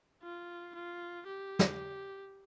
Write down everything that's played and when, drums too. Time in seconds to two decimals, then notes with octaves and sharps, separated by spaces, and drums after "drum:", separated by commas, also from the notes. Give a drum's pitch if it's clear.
0.23 F4
0.75 F4
1.27 G4
1.59 drum: snare